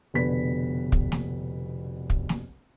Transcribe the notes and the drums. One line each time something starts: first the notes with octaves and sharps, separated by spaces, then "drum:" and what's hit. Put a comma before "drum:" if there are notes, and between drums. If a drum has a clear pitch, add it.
F1 B2 D3 B4 B6
drum: kick
drum: snare
drum: kick
drum: snare